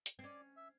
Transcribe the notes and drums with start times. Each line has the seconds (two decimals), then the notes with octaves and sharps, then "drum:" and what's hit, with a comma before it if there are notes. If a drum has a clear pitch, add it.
0.06 drum: hi-hat
0.19 C4
0.24 C#4 D5
0.56 E5